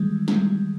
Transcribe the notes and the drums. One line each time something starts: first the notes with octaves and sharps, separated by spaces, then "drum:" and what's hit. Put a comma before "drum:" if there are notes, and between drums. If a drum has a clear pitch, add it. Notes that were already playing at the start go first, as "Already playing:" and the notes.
Already playing: D#3 E3 G3 G#3
G#3, drum: snare
G3